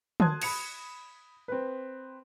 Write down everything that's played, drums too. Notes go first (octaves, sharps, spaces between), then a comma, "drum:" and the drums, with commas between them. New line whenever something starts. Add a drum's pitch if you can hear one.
A5 C6 D#6 F#6 G#6, drum: tom
B5 C#7 F7, drum: cymbal
C4 B4